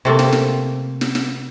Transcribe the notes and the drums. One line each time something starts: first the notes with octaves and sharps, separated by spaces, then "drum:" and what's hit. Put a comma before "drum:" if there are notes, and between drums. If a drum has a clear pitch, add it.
C3 A3 A#3
drum: snare
drum: snare
drum: snare
drum: snare